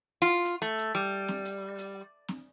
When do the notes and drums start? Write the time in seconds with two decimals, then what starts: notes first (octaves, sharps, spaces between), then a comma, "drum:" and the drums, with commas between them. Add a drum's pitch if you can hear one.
0.22 F4
0.45 drum: hi-hat
0.62 A3
0.78 drum: hi-hat
0.95 G3
1.28 drum: snare C4
1.45 drum: hi-hat
1.78 drum: hi-hat
2.28 drum: snare C4